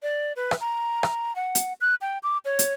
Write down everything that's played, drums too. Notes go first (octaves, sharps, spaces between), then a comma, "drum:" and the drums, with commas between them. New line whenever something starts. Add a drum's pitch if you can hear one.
D5
B4
drum: rim click
A#5
drum: rim click
F#5
drum: hi-hat
F#6
G5
D6
C#5
drum: hi-hat